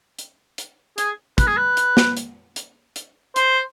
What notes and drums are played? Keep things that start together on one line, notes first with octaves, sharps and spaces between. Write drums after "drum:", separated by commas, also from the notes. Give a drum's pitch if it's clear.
drum: hi-hat
drum: hi-hat
G#4, drum: hi-hat
B4, drum: kick, hi-hat
G#4
B4
drum: hi-hat
drum: snare
drum: hi-hat
drum: hi-hat
drum: hi-hat
C5, drum: hi-hat